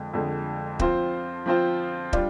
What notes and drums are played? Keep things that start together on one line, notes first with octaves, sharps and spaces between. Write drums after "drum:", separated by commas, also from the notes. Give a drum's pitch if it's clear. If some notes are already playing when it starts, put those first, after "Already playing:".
Already playing: F2 D3 G#3
F2 D3 G#3
F3 C4 F4 C5, drum: kick
F3 C4 F4 C5
G3 D4 F4, drum: kick